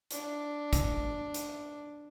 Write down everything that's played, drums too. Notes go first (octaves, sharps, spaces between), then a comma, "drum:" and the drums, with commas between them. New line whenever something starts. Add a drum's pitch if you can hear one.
D4, drum: hi-hat
drum: kick, hi-hat
drum: hi-hat